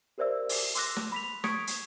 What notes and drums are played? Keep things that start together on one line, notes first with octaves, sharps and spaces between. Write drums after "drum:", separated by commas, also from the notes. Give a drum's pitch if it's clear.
G4 A#4 C5 D5 E5 E6
drum: open hi-hat
C6 D6 E6 F#6 A#6, drum: hi-hat
drum: snare
B5 B6 F7
C#6 D#6 G#6 B6 C#7 D7, drum: snare
drum: hi-hat